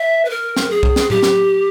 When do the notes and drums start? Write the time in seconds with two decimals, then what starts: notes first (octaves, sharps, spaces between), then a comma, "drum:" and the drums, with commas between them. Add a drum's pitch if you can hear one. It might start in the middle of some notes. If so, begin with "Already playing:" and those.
Already playing: E5
0.25 B4
0.30 A#4
0.57 drum: snare
0.70 G#4
0.83 drum: kick
0.96 drum: snare
1.10 G4, drum: tom A2
1.23 drum: snare